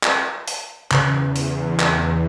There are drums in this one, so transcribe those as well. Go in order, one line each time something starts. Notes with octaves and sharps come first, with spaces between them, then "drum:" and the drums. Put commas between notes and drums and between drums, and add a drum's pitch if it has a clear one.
drum: clap
drum: open hi-hat
E2 C#3, drum: clap
drum: open hi-hat
drum: clap